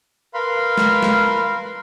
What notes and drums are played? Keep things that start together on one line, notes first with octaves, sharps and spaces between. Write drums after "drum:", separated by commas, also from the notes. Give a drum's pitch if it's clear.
A#4 B4 F5 B5 C6
drum: snare G#3
drum: snare G#3